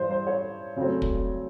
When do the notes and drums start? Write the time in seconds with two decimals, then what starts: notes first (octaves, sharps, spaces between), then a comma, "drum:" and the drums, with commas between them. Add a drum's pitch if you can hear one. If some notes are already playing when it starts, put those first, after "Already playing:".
Already playing: G2 E3 G3 C5
0.11 C5
0.27 C#5
0.77 C#3 F#3 A3 C4
1.02 drum: kick